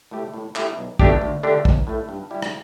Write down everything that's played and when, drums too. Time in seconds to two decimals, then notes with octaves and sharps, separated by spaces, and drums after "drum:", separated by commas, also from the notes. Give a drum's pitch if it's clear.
0.11 A2 A3 G4
0.34 A2
0.56 A3 E4 G4, drum: clap
0.77 B1
0.99 B2 A3 D4 G4, drum: kick
1.22 D2
1.43 D3 A3 D4 G4
1.65 B1, drum: kick
1.87 A2 A3
2.09 G2
2.31 G3 E4 G4
2.42 drum: rim click